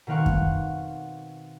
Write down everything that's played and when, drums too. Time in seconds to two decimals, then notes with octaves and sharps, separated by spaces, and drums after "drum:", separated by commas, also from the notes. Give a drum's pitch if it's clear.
0.07 B2 D#3 C4 F5 F#5 C#6
0.26 drum: kick F#2